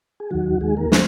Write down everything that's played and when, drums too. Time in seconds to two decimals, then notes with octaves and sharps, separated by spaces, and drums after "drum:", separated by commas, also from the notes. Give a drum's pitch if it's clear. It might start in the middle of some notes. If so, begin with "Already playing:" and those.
0.20 G#4
0.31 D#2 D#3 F#3 F#4
0.61 D#2 D#3 G#3 G#4
0.77 A#3 A#4
0.92 C4 C5, drum: snare